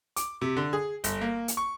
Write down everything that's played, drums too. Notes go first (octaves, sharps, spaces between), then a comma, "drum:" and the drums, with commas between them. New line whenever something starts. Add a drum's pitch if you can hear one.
D6, drum: hi-hat
C3
D3
G#4
G1, drum: hi-hat
A#3
drum: hi-hat
C#6